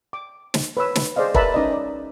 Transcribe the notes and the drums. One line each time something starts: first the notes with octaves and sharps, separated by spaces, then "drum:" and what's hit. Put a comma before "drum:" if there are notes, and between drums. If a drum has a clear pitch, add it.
D6
drum: snare
B4 C#5 E6
drum: snare
G#4 C5 D5 D#5 F5
A#4 B4 D5 E5 A5 B5, drum: kick
C#4 D#4 B4 D5 D#5
D5